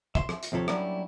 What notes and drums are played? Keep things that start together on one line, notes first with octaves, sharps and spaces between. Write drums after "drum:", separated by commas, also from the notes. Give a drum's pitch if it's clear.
E5 C6, drum: kick
drum: rim click
drum: hi-hat
D#2 C3 F3 A4 C#5
F#3 G3 A#3 C#4 D4 E4, drum: rim click